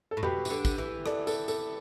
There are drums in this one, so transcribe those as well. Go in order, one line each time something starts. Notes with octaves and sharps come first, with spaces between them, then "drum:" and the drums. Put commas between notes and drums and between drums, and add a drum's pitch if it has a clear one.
A4
A2
B2 G4 B4, drum: tom F2
E3, drum: tambourine
D3
drum: kick, tambourine
E3
A4 D5, drum: rim click
A4, drum: tambourine
A4, drum: tambourine